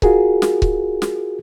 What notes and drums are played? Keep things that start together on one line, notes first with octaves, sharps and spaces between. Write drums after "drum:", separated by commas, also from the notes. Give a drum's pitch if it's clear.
F4 F#4 G#4 A#4, drum: kick C#1
drum: snare
drum: kick C#1
drum: snare